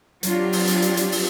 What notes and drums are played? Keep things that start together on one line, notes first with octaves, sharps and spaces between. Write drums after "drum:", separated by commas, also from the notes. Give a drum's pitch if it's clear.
F#3 C4 D4 F4 G4, drum: hi-hat
drum: open hi-hat
drum: hi-hat
drum: hi-hat
drum: hi-hat
drum: open hi-hat